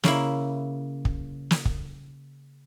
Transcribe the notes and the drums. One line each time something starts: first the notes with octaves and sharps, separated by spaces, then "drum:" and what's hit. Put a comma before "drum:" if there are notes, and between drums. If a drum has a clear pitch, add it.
C#3 A#3 E4, drum: snare
drum: kick
drum: snare
drum: kick